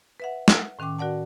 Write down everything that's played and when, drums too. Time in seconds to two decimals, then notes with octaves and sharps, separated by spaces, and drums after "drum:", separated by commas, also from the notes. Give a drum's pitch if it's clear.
0.20 B4 E5 F#5
0.48 F#5, drum: snare
0.79 A2 D#3 C#4 G5 D6
0.98 F#4 A#4 D5 F#5 A5